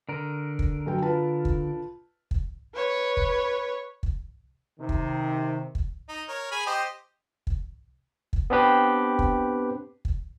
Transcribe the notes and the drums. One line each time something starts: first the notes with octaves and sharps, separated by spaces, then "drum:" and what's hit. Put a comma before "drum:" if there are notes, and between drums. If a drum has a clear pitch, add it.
D3 A#4
drum: kick
F#2 A4 G5
F4 B4 A5
drum: kick
drum: kick
B4 C#5
drum: kick
drum: kick
C3 D#3
drum: kick
drum: kick
D#4
A#4 C#5
G#4 G#5 B5
G4 C5 D#5
drum: kick
drum: kick
B3 C4 D4 G4 B4
drum: kick
drum: kick